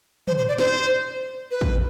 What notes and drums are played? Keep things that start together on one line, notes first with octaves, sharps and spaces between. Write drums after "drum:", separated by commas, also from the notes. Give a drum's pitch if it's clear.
C5, drum: tom
C5
D5
C5, drum: snare
B4
drum: kick